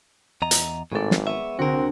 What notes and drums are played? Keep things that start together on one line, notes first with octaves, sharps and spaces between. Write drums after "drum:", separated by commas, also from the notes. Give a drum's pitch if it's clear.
E2 D#5 A#5
drum: hi-hat
G#1 A2 G#3 A4 D5
drum: snare
B3 C#5 E5
C2 D3 C4 F#4 A#4